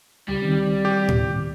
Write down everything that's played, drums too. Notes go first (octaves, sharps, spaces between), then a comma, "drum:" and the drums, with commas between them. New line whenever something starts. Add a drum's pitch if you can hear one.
C#2 G3
D#3 C4
G4
drum: tom A2